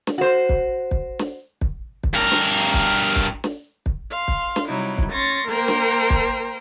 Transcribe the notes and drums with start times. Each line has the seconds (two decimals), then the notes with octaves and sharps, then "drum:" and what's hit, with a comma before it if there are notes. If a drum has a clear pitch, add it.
0.07 drum: snare
0.18 F#4 C5
0.49 drum: kick
0.91 drum: kick
1.19 drum: snare
1.61 drum: kick
2.03 drum: kick
2.14 G2 A#4
2.32 drum: snare
2.74 drum: kick
3.16 drum: kick
3.44 drum: snare
3.86 drum: kick
4.11 F5 C6
4.28 drum: kick
4.56 drum: snare
4.68 C3 F#3 G3 D#4 E4
4.98 drum: kick
5.12 C#4 C6 C#6 A6 A#6
5.47 A#3 A#4 C5 G5 A#5
5.68 drum: snare
6.10 drum: kick